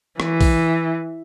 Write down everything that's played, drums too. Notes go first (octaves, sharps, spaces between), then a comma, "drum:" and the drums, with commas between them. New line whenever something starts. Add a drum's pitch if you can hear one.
E3, drum: rim click
drum: kick, open hi-hat